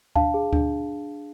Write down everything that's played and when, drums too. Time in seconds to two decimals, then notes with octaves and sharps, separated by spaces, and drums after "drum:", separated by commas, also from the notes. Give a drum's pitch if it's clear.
0.16 D4 F5 A5, drum: kick D2
0.34 G#4
0.53 D4, drum: kick D2